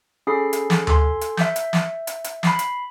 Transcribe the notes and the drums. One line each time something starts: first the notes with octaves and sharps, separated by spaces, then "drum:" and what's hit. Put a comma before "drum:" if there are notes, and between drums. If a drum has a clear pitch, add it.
C#4 G#4 A4 B5 C7
drum: hi-hat
drum: snare
A4 G#5 C6, drum: tom D2
drum: hi-hat
E5 G6, drum: snare
drum: hi-hat
drum: snare
drum: hi-hat
drum: hi-hat
B5 C7, drum: snare
drum: hi-hat